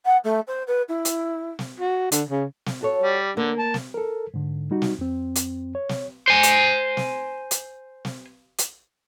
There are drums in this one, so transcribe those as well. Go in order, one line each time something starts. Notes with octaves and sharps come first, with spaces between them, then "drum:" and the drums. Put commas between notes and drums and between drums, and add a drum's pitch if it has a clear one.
F#5
A3
C5
B4
E4
drum: hi-hat
drum: snare
F#4
D3, drum: hi-hat
C#3
drum: snare
F#4 A4 C#5
G3
D3 A#3
A5
drum: snare
A4 A#4
G#2 D3
G3 D#4 F#4
drum: snare
F2 C4
drum: hi-hat
C#5
drum: snare
C5 G#5
drum: hi-hat
drum: snare
drum: hi-hat
drum: snare
drum: hi-hat